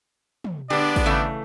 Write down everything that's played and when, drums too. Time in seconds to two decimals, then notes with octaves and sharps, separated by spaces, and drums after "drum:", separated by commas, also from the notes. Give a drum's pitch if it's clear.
0.44 drum: tom
0.70 D3 G#3 B3 D4 G4 D5
0.96 drum: kick, open hi-hat
1.06 C#3 E3 A3